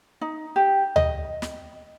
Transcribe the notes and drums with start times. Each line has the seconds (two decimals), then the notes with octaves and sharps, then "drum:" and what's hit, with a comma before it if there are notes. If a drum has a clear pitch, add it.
0.21 D#4
0.56 G4
0.96 D#5, drum: tom D2
1.42 drum: snare